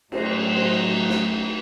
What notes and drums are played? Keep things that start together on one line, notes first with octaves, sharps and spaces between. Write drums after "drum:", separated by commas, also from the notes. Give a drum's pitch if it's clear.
A2 F#3 A3 D#4 C5 D#5, drum: cymbal
C5 D#5
drum: snare